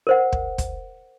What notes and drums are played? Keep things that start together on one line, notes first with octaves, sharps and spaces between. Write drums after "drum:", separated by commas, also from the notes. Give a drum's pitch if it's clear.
A#4 C5 F#5
drum: kick
drum: kick, hi-hat